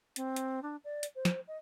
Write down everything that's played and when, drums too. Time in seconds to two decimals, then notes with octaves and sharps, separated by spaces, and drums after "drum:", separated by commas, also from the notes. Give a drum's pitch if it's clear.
0.16 C4, drum: hi-hat
0.36 drum: hi-hat
0.62 D4
0.84 D5
1.03 drum: hi-hat
1.15 C5
1.25 drum: snare
1.47 D#5